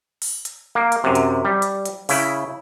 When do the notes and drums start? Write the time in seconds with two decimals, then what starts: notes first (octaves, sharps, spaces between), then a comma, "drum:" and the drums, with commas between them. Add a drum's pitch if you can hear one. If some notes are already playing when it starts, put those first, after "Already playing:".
0.22 drum: open hi-hat
0.45 drum: hi-hat
0.75 A#3
0.92 drum: hi-hat
1.04 F#2 C3
1.15 drum: hi-hat
1.45 G3
1.62 drum: hi-hat
1.86 drum: hi-hat
2.09 C#3 E4, drum: open hi-hat